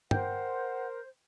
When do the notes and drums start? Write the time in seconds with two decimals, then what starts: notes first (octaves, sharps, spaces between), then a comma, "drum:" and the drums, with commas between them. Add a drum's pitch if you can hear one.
0.11 A#4 C5 F#5 G5, drum: tom